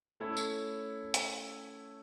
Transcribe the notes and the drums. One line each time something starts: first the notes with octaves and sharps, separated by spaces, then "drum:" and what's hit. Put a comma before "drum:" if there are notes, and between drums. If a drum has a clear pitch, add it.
A3 C#4 E4 A4 C#5
drum: tambourine
drum: hi-hat